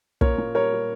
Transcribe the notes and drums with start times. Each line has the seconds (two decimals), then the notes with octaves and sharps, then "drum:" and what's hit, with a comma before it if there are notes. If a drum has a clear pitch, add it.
0.21 A#2 A#4 C#5, drum: kick
0.38 A#2
0.55 G3 A#4 C#5
0.72 G3